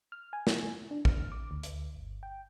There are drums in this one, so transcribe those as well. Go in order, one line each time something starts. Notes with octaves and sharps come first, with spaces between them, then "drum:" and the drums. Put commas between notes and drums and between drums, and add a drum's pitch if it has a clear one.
F6
G#5
drum: snare
D4
F6, drum: kick
D6
D2
drum: hi-hat
G1
G5